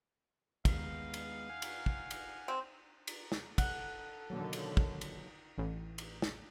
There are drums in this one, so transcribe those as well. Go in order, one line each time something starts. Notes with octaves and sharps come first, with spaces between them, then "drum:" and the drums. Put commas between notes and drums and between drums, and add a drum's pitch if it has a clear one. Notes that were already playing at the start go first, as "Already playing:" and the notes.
D#2 G#3 B3 F5, drum: kick, cymbal
drum: cymbal
F#5 G#5 F6
drum: cymbal
drum: kick
drum: cymbal
C4
drum: cymbal
drum: snare
A4 F#5 F#6, drum: kick, cymbal
B2 D3 D#3 F#3 A#3
drum: cymbal
drum: kick
drum: cymbal
A1
drum: cymbal
drum: snare